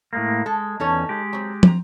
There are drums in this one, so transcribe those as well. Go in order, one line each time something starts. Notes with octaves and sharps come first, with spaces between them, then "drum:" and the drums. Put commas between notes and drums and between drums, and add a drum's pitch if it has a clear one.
A2 G#3 A#3
G#3 A4
E2 C#4 D#4 A4 C#5
G#3 G4
F#3 C4
C4 A#5, drum: tom